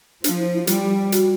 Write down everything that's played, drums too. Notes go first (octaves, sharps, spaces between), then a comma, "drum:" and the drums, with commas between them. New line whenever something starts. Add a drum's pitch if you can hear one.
F3 D4, drum: hi-hat
E4
E4
G3 F4, drum: hi-hat
F#4, drum: hi-hat